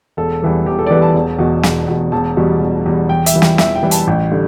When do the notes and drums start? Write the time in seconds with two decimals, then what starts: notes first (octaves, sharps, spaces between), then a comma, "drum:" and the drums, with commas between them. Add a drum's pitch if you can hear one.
0.17 E1 A4
0.42 E2 E3 G3
0.66 E1 G4
0.79 A4
0.87 D5
0.90 E2 E3 G3 B4
1.02 A5
1.15 E1
1.39 E2 B2
1.63 E1, drum: snare
1.88 E2 B2
2.12 E1 A5
2.37 E2 B2 G3
2.61 E1
2.86 E2 B2 G3
3.09 E2 G5
3.26 E5, drum: hi-hat
3.33 E3 G3
3.42 G5, drum: snare
3.58 E2 E5, drum: snare
3.75 G5
3.83 E3 G3
3.91 A5, drum: hi-hat
4.07 A1 G5
4.32 D3 G3